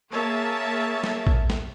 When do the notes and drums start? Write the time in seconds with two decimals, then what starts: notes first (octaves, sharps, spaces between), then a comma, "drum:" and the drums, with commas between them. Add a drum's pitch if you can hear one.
0.11 A#3 G#4 A#4 C#5 E5 A5
1.04 drum: snare
1.27 drum: kick A#1
1.50 drum: snare